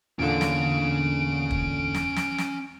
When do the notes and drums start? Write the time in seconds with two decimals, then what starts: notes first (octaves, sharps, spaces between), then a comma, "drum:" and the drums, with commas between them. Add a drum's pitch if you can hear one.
0.19 E2 A#2 D3 C#4 F5 D7
0.41 drum: snare
1.51 drum: kick
1.94 drum: snare
2.16 drum: snare
2.38 drum: snare